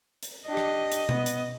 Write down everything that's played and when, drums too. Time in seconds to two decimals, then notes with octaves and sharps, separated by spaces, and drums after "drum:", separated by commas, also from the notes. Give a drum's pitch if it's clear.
0.23 drum: hi-hat
0.47 D4 G4 D#5
0.57 drum: rim click
0.92 drum: hi-hat
1.09 B3, drum: tom B2
1.26 drum: hi-hat